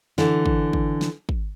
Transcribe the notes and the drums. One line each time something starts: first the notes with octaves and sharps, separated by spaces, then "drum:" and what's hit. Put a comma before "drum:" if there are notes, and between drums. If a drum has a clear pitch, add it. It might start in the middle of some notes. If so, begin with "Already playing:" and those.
D3 E3, drum: snare
drum: kick
drum: kick
drum: snare
drum: kick